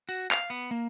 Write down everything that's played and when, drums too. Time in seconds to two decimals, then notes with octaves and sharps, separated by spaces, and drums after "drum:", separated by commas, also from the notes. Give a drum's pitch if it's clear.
0.09 F#4
0.31 F5, drum: clap
0.50 B3
0.71 A#3